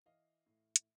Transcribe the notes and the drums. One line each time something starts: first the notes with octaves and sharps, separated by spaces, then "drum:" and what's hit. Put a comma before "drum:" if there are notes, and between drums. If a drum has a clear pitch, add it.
E3 D#5 F5
A2
drum: hi-hat